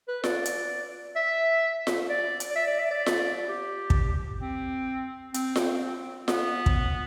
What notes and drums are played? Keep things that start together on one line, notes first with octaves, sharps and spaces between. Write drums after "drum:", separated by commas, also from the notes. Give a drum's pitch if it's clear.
B4
D5, drum: snare F4
drum: hi-hat
E5
drum: snare F4
D5
drum: hi-hat
D5
E5
D5
E5
D5
drum: snare F4
G4
drum: kick
C4
C4, drum: hi-hat
drum: snare F4
B3, drum: snare F4
drum: kick